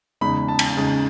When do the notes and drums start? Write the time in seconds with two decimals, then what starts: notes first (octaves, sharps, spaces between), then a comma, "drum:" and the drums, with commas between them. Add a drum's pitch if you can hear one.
0.21 E2 C#3 G#3 D#4 B5
0.48 A5
0.59 drum: cymbal
0.76 E2 C#3 G#3 D#4